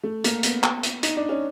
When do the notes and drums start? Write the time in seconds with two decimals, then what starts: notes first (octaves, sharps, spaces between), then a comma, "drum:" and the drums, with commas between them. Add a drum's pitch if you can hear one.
0.03 A3
0.24 A#3, drum: hi-hat
0.43 B3, drum: hi-hat
0.63 drum: clap
0.83 drum: hi-hat
1.03 D#4, drum: hi-hat
1.16 D4
1.29 C#4